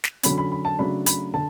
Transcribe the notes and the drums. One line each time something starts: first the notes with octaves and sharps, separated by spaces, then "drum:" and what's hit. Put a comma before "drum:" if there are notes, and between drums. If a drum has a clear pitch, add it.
drum: snare
D3 F#3 C#4 B5, drum: hi-hat
B5
B5
A5
C#3 F#3 A3 D4 B5
B5, drum: hi-hat
D3 A5